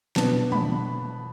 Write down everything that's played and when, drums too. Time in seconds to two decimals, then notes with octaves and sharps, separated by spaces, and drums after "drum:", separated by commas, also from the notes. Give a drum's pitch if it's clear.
0.16 B2 B3 D4 A5, drum: snare
0.52 B5, drum: tom